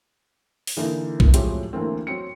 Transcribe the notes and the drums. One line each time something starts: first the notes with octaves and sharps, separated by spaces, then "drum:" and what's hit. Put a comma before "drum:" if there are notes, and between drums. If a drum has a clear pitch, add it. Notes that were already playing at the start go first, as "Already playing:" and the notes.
drum: open hi-hat
D3 E3 A#3 D#4
drum: kick B1
A2 F3 F#3 G#3 C4 G4, drum: hi-hat
D2 E3 A3 A#3 C4
F#3 C4 C#7